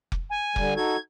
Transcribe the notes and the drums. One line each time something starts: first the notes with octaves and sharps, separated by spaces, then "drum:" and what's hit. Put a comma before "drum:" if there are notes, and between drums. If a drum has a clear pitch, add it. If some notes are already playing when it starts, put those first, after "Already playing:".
drum: kick F1
G#5
D3 G3, drum: kick F1
D#4 F#4 A4 G#6